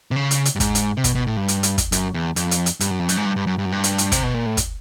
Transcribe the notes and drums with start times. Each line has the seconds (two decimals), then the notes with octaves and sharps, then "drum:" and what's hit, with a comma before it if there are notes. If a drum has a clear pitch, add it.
0.11 C3
0.16 C#3
0.31 drum: hi-hat
0.45 drum: hi-hat
0.56 G2
0.60 G#2, drum: kick, hi-hat
0.75 drum: hi-hat
0.97 C3
1.04 B2, drum: kick, hi-hat
1.15 B2
1.27 A2
1.37 G2
1.48 drum: hi-hat
1.63 drum: hi-hat
1.78 drum: kick, hi-hat
1.92 F#2, drum: hi-hat
2.14 E2
2.36 F2, drum: hi-hat
2.51 drum: hi-hat
2.66 drum: hi-hat
2.80 G2, drum: hi-hat
2.90 F#2
2.99 F2
3.09 F#2, drum: hi-hat
3.17 G#2
3.25 G2
3.36 G2
3.47 F#2
3.58 G2
3.65 F#2
3.72 G2
3.84 drum: hi-hat
3.98 drum: hi-hat
4.12 C3, drum: kick, hi-hat
4.23 B2
4.34 A#2
4.46 A2
4.57 drum: kick, hi-hat